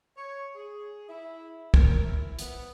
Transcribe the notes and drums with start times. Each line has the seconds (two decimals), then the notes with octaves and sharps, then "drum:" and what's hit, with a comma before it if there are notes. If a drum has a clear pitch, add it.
0.17 C#5
0.55 G#4
1.09 E4
1.74 A#4, drum: kick
2.05 E4
2.39 B3, drum: hi-hat